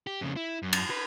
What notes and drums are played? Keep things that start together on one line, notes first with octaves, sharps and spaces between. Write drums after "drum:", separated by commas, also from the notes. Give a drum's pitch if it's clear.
G4
F2 C#3
E4
F#2
drum: cymbal
B4